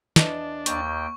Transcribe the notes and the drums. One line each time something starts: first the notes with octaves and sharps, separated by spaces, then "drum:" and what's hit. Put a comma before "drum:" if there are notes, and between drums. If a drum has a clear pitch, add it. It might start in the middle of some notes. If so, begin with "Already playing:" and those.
E2 D4 D#5 A5, drum: snare
D#2 G5 C#6, drum: hi-hat